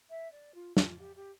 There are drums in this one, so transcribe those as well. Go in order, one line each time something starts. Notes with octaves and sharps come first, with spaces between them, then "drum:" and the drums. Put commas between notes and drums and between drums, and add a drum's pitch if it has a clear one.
E5
D5
F4
F4, drum: snare
G4
G4